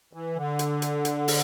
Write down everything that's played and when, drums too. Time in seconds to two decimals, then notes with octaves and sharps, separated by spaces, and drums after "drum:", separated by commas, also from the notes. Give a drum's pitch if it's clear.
0.13 E3
0.36 D3
0.59 drum: hi-hat
0.82 drum: hi-hat
1.05 drum: hi-hat
1.28 drum: open hi-hat